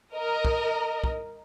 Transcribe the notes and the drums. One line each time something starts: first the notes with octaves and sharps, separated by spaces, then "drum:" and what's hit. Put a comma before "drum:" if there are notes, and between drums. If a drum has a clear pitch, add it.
A#4 D#5
drum: kick
drum: kick